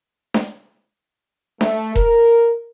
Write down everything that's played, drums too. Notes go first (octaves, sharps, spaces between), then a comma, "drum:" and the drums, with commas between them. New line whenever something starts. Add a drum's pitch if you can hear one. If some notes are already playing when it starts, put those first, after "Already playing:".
drum: snare D4
A3, drum: snare D4
A#4, drum: kick E1